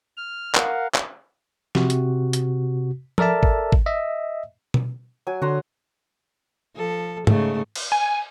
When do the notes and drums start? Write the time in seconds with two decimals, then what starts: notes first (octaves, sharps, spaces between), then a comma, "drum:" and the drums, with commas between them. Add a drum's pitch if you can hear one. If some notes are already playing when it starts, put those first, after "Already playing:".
0.17 F6
0.55 A#4 F5 F#5, drum: clap
0.95 drum: clap
1.75 C3 F#4, drum: snare
1.90 drum: hi-hat
2.33 drum: hi-hat
3.18 A4 A#4 D5 E5 A5, drum: tom F3
3.43 drum: kick G#1
3.72 drum: kick G#1
3.86 D#5 E5
4.74 drum: tom B2
5.27 F#3 G#5
5.42 D3 F#4 A#5 C6
6.76 F3 A4
7.27 G#2 C#3 A3, drum: tom G#2
7.76 drum: cymbal
7.92 G#5